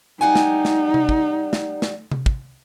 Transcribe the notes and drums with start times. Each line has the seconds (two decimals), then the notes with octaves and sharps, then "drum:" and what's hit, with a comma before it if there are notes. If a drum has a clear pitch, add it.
0.21 G3 D#4 F#5 G#5
0.35 drum: snare
0.65 drum: snare
0.94 drum: tom C3
1.09 drum: kick
1.53 drum: snare
1.82 drum: snare
2.11 drum: tom C3
2.26 drum: kick